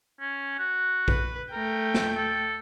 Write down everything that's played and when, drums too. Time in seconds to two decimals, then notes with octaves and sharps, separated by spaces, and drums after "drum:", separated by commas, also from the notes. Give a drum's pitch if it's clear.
0.21 C#4
0.59 F#4
1.08 B4, drum: kick A#1
1.52 A3 A#4 G5
1.94 drum: snare A#3
2.17 A4